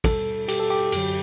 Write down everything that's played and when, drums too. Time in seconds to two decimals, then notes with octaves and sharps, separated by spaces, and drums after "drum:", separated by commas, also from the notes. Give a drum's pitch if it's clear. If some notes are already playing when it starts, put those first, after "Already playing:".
0.04 B2 G3 A4, drum: kick, cymbal
0.48 G4, drum: cymbal
0.60 A4
0.70 G4
0.92 F#2 D3 F#3, drum: cymbal